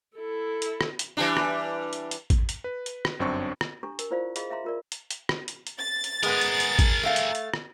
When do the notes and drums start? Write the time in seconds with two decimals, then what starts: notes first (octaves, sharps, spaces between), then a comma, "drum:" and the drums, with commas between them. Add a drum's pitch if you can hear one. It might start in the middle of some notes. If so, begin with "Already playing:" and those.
0.17 E4 A4
0.62 drum: hi-hat
0.81 drum: rim click
0.99 drum: hi-hat
1.17 E3 G3 D4
1.37 drum: rim click
1.93 drum: hi-hat
2.11 drum: hi-hat
2.30 drum: kick A1, hi-hat
2.49 drum: hi-hat
2.64 B4
2.86 drum: hi-hat
3.05 drum: rim click
3.20 G1 F#2 C4 D4 C#6
3.61 drum: rim click
3.83 D4 G4 A4 A#5 C#6
3.99 A#4, drum: hi-hat
4.11 E4 F4 C5 D5 F5
4.36 G#4 D#5 F5 B5, drum: hi-hat
4.50 E5 F5 A#5 C6
4.64 F4 A#4 D5
4.92 drum: hi-hat
5.11 drum: hi-hat
5.29 drum: rim click
5.48 drum: hi-hat
5.67 drum: hi-hat
5.79 A6
6.04 drum: hi-hat
6.23 G#3 B3 G#4 A#4, drum: hi-hat
6.41 drum: hi-hat
6.60 drum: hi-hat
6.79 drum: kick A1, hi-hat
7.03 A3 F5
7.16 drum: hi-hat
7.35 drum: hi-hat
7.54 drum: rim click